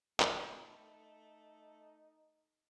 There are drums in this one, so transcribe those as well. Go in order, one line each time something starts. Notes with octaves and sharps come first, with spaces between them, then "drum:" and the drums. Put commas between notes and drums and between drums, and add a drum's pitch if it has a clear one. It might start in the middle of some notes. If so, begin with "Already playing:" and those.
A3 D#4 A4 B4, drum: clap